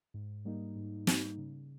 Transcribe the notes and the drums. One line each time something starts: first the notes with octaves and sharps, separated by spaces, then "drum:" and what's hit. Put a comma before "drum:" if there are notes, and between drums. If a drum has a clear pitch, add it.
G#2
G3 A#3 D#4
G#2
G3 A#3 D#4, drum: snare
C#3